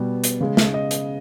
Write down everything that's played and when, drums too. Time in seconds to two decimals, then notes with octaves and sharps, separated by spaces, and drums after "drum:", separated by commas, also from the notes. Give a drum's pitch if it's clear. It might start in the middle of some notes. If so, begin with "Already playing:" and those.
Already playing: B2 G3
0.24 drum: hi-hat
0.40 C#3 G#3
0.57 drum: snare
0.74 D#5
0.91 drum: hi-hat